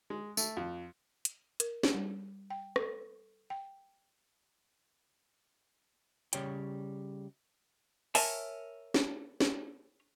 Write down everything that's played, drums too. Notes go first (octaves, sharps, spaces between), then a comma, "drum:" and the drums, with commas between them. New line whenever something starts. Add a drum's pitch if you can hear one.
G#3
A3, drum: tambourine
F2
drum: hi-hat
A#4, drum: hi-hat
drum: snare
G3
G5
A4, drum: rim click
G5
C#3 G3 C#5 G5, drum: hi-hat
A#4 C#5 E5 G#5 A5, drum: open hi-hat
drum: snare
drum: snare